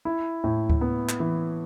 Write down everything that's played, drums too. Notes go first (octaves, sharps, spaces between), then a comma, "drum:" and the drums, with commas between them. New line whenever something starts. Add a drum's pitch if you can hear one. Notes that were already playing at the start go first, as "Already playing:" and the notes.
E4
A2
drum: kick D2
B3
drum: clap
E3